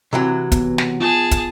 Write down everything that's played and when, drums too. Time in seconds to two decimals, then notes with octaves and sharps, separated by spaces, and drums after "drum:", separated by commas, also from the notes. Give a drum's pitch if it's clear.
0.13 C3 E3 F#3
0.52 B3, drum: kick, hi-hat
0.78 drum: snare
1.00 F4 G#4 A5
1.31 drum: kick, hi-hat